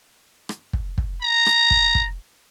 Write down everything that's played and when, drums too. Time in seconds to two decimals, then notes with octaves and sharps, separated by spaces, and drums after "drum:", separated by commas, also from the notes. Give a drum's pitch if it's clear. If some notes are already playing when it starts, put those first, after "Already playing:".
0.49 drum: rim click
0.73 drum: kick
0.98 drum: kick
1.22 A#5
1.46 drum: rim click
1.71 drum: kick
1.95 drum: kick